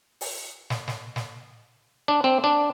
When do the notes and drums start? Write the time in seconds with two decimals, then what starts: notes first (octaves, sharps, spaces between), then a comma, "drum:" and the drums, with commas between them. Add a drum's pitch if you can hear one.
0.21 drum: open hi-hat
0.70 drum: snare
0.88 drum: snare
1.16 drum: snare
2.08 D4
2.24 C4
2.44 D4